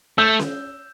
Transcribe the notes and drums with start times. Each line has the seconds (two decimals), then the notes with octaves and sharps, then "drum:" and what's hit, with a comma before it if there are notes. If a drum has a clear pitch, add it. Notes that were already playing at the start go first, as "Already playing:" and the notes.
0.18 A3 E6 G6
0.39 drum: snare C#4